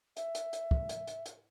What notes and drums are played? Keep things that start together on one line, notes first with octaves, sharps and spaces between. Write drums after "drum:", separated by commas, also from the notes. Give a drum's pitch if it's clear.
E5, drum: hi-hat
drum: hi-hat
drum: hi-hat
drum: kick
drum: hi-hat
drum: hi-hat
drum: hi-hat